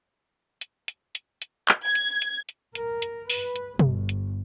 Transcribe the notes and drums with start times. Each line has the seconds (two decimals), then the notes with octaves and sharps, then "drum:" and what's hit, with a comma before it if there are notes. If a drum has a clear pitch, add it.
0.61 drum: hi-hat
0.88 drum: hi-hat
1.15 drum: hi-hat
1.42 drum: hi-hat
1.68 drum: clap
1.85 G#6
1.95 drum: hi-hat
2.22 drum: hi-hat
2.49 drum: hi-hat
2.75 A#4, drum: hi-hat
3.02 drum: hi-hat
3.30 B4, drum: open hi-hat
3.56 drum: hi-hat
3.79 G1, drum: tom B2
4.09 drum: hi-hat